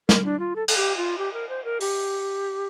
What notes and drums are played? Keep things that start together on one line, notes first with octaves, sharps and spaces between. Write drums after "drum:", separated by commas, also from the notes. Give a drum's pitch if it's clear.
A#4, drum: snare
D4
F4
A4
A4, drum: cymbal
G4
F4
G4
A#4
C5
A#4
G4, drum: open hi-hat